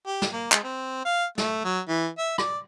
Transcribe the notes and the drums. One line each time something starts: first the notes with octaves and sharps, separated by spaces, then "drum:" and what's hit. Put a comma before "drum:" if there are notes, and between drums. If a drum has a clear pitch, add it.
G4
drum: snare
A#3
G#3, drum: clap
C4
F5
A3, drum: snare
F#3
E3
E5
D5, drum: rim click